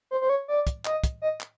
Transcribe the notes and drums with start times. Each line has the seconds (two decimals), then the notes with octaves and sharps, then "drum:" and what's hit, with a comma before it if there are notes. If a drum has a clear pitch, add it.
0.11 C5
0.21 C5
0.29 C#5
0.48 D5
0.67 drum: kick, hi-hat
0.85 D#5, drum: clap
1.04 drum: kick, hi-hat
1.22 D#5
1.40 drum: clap